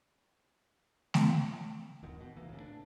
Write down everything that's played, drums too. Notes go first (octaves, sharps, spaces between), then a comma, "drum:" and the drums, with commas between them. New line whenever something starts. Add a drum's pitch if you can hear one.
drum: snare A3
D1 F#2 D#3 F#3
B2
F1 C2 E3 A#3
A2 C#3
D4